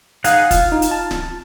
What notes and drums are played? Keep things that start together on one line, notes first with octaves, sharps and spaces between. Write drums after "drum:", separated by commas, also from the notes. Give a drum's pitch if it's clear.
D#4 G#4 F5 F#5, drum: hi-hat
F4, drum: kick, hi-hat
D#4
drum: hi-hat
A5
drum: snare D1